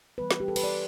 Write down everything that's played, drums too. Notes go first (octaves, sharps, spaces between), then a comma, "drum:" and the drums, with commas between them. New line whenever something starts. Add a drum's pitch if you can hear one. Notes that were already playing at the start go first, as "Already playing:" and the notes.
E3 G3 B3 B4
drum: snare
G4
A4
B4, drum: cymbal
D5